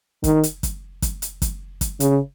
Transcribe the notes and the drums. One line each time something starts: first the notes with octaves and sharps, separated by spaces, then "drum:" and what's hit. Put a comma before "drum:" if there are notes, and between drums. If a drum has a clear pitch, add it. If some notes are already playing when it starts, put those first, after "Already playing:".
D#3, drum: kick, hi-hat
drum: hi-hat
drum: kick, hi-hat
drum: kick, hi-hat
drum: hi-hat
drum: kick, hi-hat
drum: kick, hi-hat
C#3, drum: hi-hat